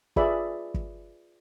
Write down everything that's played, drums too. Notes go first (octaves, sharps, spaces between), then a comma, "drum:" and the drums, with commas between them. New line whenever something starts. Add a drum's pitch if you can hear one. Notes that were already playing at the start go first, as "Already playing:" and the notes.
F4 G#4 B4 D5 E5 B5, drum: kick
drum: kick